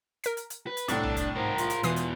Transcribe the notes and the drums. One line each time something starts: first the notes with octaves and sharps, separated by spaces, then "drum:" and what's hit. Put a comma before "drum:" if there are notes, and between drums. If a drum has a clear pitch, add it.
A#4 B6, drum: hi-hat
drum: hi-hat
drum: hi-hat
B4
drum: hi-hat
C2 A2 D4 A4 C#6, drum: hi-hat
drum: tom B1
drum: kick, hi-hat
G#2 A#4 C5
F4, drum: hi-hat
drum: hi-hat
E2 B2 E3 D#6 C7, drum: hi-hat
drum: hi-hat